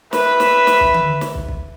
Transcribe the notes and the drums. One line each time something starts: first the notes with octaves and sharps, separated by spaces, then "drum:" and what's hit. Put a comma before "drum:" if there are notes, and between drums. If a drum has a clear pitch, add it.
B4 E5, drum: snare
drum: snare
drum: snare
drum: kick
drum: tom D3
drum: snare
drum: kick
drum: kick